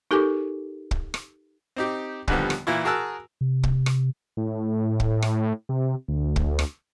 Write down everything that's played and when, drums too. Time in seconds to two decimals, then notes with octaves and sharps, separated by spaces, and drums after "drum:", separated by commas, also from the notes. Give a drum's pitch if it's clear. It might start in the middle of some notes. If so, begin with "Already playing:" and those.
0.11 D#4 G4 A4 A#4 G#5 D6
0.91 drum: kick
1.14 drum: rim click
1.76 C4 D#4 G4
2.28 D#2 A#2 D3 F3 G3 B3, drum: kick
2.50 drum: rim click
2.67 A#2 E3 E4 F4
2.84 F#4 G#4 A#4 A5 E6 F#6
3.41 C3
3.64 drum: kick
3.86 drum: rim click
4.37 A2
5.00 drum: kick
5.22 drum: rim click
5.69 C3
6.08 D2
6.36 drum: kick
6.59 drum: rim click